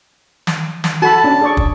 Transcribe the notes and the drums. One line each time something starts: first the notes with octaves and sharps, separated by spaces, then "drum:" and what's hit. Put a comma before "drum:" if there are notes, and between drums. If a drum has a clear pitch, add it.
drum: snare
drum: snare
F#4 A4 A5 B5
C#4 D4
G#4 D5 C#6
drum: kick